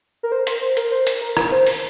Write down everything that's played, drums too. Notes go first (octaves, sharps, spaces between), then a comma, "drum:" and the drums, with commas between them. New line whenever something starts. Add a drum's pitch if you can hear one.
A#4
C5
C5, drum: hi-hat
C5
A#4, drum: hi-hat
C5
drum: hi-hat
A#4
drum: rim click
C5
drum: open hi-hat